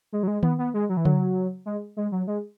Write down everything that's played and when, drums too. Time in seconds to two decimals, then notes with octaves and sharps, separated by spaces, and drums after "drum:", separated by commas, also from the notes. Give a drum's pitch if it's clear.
0.12 G#3
0.23 F#3
0.28 G#3
0.43 B3, drum: tom D#3
0.59 B3
0.74 G#3
0.89 F#3
0.97 E3
1.05 F#3, drum: tom C#3
1.66 G#3
1.97 G#3
2.12 F#3
2.27 G#3